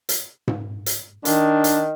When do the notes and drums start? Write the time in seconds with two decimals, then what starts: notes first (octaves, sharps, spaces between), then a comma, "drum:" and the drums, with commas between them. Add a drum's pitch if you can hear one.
0.09 drum: hi-hat
0.48 drum: tom G#2
0.86 drum: hi-hat
1.25 D#3 D4, drum: hi-hat
1.64 drum: hi-hat